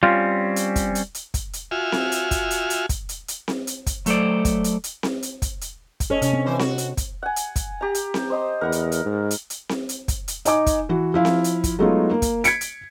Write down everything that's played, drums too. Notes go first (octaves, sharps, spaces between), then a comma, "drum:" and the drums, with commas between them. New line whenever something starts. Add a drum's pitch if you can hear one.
G3 C4 C#4 F4
drum: hi-hat
drum: kick, hi-hat
drum: hi-hat
drum: hi-hat
drum: kick, hi-hat
drum: hi-hat
F4 F#4 E5 G#5 F6
drum: snare C4
drum: hi-hat
drum: kick, hi-hat
drum: hi-hat
drum: hi-hat
drum: kick, hi-hat
drum: hi-hat
drum: hi-hat
drum: snare C4
drum: hi-hat
drum: kick, hi-hat
F#3 A3 A4 B4 C5 D5, drum: hi-hat
drum: kick, hi-hat
drum: hi-hat
drum: hi-hat
drum: snare C4
drum: hi-hat
drum: kick, hi-hat
drum: hi-hat
drum: kick, hi-hat
C#4 A4 C#5 D#5
C3 C#4, drum: hi-hat
C4 D4
E3 C5
F#4, drum: snare C4
drum: hi-hat
drum: kick, hi-hat
F#5 G#5
drum: hi-hat
drum: kick, hi-hat
G4 A#5
drum: hi-hat
drum: snare C4
C5 D#5 C6
E2 A#4 F#5 B5
drum: hi-hat
drum: hi-hat
G#2
drum: hi-hat
drum: hi-hat
drum: snare C4
drum: hi-hat
drum: kick, hi-hat
drum: hi-hat
D#4 D#5 G#5 D6, drum: hi-hat
drum: kick, hi-hat
E3 F#4
F3 E4 F5
drum: snare C4
drum: hi-hat
drum: kick, hi-hat
F#3 G#3 A3 B3 D#4 F4
A#3
drum: kick, hi-hat
G#6 B6 C#7 D7, drum: hi-hat
drum: hi-hat